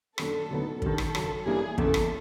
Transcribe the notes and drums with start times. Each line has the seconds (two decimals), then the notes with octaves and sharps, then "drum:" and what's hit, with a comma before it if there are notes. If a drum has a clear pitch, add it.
0.18 F#2 D#3 F#3 A#3 D4 A4, drum: rim click
0.50 D2 D3 F#3 B3 D#4
0.82 G#1 G2 D#3 A4, drum: kick
0.98 drum: rim click
1.15 F#2 C#3 F#3, drum: rim click
1.45 G2 E3 G3 A#3 D4 G#4
1.78 F#1 E2 C#3 A4, drum: kick
1.94 drum: rim click